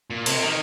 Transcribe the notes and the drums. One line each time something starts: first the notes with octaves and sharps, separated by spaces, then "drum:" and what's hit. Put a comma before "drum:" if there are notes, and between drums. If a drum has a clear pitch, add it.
A#2
C3, drum: cymbal
D#3